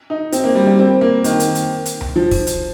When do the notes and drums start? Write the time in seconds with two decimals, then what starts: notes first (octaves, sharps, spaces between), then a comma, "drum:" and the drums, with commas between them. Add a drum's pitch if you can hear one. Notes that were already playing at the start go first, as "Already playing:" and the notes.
0.10 D#4
0.32 C4, drum: hi-hat
0.44 A#3
0.55 G3
0.67 G3
0.79 C4
1.01 A#3
1.24 D#3, drum: hi-hat
1.40 drum: hi-hat
1.55 drum: hi-hat
1.86 drum: hi-hat
2.01 drum: tom C2
2.16 F3
2.31 drum: kick, open hi-hat
2.47 drum: hi-hat